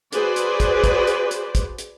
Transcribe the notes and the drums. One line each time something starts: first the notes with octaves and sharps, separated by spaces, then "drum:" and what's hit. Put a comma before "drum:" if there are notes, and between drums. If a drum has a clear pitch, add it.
F#4 G#4 B4 C5 D5, drum: hi-hat
drum: hi-hat
drum: kick, hi-hat
drum: kick, hi-hat
drum: hi-hat
drum: hi-hat
drum: kick, hi-hat
drum: hi-hat